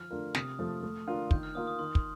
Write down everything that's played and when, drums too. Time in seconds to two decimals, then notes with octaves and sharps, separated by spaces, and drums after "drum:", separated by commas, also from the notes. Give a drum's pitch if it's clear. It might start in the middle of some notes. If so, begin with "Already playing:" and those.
Already playing: F3 F6
0.10 A3 D4 F4 A#4
0.35 C3 D#6, drum: snare
0.59 F3 A3
0.83 A3
1.07 D4 F4 A#4
1.31 D#3 G6, drum: kick
1.43 F6
1.55 A#3 F4 A#4 D#6
1.67 D#6
1.79 D#3 C6
1.95 drum: kick